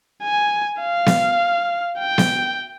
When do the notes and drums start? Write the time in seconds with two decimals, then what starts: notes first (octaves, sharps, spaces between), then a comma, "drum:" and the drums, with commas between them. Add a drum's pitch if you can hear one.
0.23 G#5
0.81 F5
1.06 drum: snare B3
1.99 G5
2.18 drum: snare B3